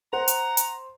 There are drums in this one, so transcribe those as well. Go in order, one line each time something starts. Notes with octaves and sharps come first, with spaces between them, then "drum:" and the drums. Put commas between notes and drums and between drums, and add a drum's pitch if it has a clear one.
C5 F#5 A#5
drum: hi-hat
drum: hi-hat